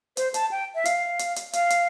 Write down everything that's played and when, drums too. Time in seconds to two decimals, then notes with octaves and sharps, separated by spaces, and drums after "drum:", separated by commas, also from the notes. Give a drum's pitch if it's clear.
0.17 C5, drum: hi-hat
0.34 A5, drum: hi-hat
0.51 G5
0.75 E5
0.85 F5, drum: hi-hat
1.19 drum: hi-hat
1.36 drum: hi-hat
1.53 F5, drum: hi-hat
1.70 drum: hi-hat